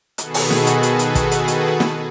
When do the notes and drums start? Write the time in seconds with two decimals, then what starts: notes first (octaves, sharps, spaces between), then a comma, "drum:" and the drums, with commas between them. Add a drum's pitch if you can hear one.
0.18 B2 D#3 F#4 G#4 A4 B4, drum: hi-hat
0.34 drum: open hi-hat
0.50 drum: snare
0.67 drum: hi-hat
0.83 drum: hi-hat
0.99 drum: hi-hat
1.15 drum: kick, hi-hat
1.31 drum: hi-hat
1.48 drum: hi-hat
1.80 drum: snare